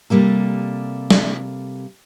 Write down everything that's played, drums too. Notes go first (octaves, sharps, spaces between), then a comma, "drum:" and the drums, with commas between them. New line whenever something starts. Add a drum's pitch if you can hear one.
C3 G3 A#3 A4
drum: snare